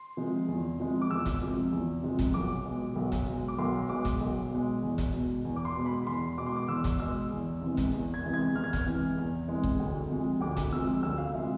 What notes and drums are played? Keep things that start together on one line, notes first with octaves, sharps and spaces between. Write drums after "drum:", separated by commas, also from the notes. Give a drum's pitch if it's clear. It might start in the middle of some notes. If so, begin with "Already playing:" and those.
Already playing: C6
C3 F3 G#3
E2
C3 F3 G#3
D6
E2 E6
drum: kick G1, hi-hat
C3 F3 G#3
E2
C3 F3 G#3
drum: kick G1, hi-hat
B1 D6
B2 G#3
B1
drum: kick G1, hi-hat
B2 G#3
D6
B1 C6
B2 G#3 D6
drum: kick G1, hi-hat
B1
B2 G#3
E2
drum: kick G1, hi-hat
B2 G#3
E2
D6
C6
B2 G#3
B5
E2 C6
B2 G#3 D6
C6
D6
E2 E6
drum: kick G1, hi-hat
B2 G#3 E6
E2
C3 E3 G#3
drum: kick G1, hi-hat
E2
G#6
C3 E3 G#3
G#6
E2 F6
G#6
F6, drum: kick G1, hi-hat
C3 E3 G#3
E2
C3 E3 G#3
drum: kick G1
D2
C3 F3 G#3
D2 D6
drum: kick G1, hi-hat
C3 F3 G#3 E6
D2 E6
F5
C3 F3 G#3 E5